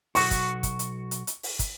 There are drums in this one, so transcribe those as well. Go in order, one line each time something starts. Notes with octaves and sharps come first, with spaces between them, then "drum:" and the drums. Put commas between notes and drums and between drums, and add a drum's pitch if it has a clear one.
B1 F#4 C#6, drum: open hi-hat
drum: kick, hi-hat
drum: kick, hi-hat
drum: hi-hat
drum: hi-hat
drum: hi-hat
drum: open hi-hat
drum: kick, hi-hat